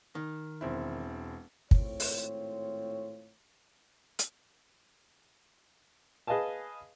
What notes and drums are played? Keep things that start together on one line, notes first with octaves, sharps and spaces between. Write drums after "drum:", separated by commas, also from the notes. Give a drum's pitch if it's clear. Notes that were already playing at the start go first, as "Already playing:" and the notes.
D#3
E1 C4 E4
G#1 A2 C4 F4 C#5, drum: kick
drum: open hi-hat
drum: hi-hat
G#4 B4 D#5 F5 G#5 A5